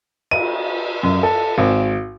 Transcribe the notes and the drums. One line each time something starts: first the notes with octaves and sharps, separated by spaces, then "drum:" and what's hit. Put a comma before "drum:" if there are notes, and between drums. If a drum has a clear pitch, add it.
D#7, drum: cymbal
F#2
A4
G#1